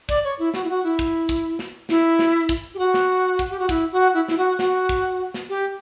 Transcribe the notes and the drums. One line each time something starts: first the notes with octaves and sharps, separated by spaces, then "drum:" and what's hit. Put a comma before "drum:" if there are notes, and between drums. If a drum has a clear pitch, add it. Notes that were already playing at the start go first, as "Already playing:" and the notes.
D5, drum: kick
C#5
E4
F#4, drum: snare
E4
F#4
E4
drum: kick
drum: kick
drum: snare
E4, drum: snare
drum: snare
drum: kick
G4
F#4
drum: snare
drum: kick
G4
F#4
E4, drum: kick
F#4
E4
E4, drum: snare
F#4
F#4, drum: snare
drum: kick
drum: snare
G4